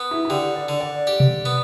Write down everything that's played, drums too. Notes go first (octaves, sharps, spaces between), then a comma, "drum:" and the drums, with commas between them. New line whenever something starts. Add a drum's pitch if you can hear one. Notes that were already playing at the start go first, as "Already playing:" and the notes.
Already playing: B3
E4
E4
D3 G4
D5
D3
D5
G4
drum: tom B2
B3